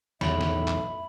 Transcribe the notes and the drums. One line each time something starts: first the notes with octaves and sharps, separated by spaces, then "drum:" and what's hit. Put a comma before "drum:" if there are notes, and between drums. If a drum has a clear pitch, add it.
B1 E2 A2 E5 B5 F#7, drum: snare
drum: snare
drum: clap